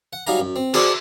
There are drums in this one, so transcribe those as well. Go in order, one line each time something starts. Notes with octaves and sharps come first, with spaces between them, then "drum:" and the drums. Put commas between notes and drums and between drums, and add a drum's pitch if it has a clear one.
F#5
F#3 G3 D#4 F5 G#5 A#5
F#2
C4
F#4 G#4 C5 D5, drum: cymbal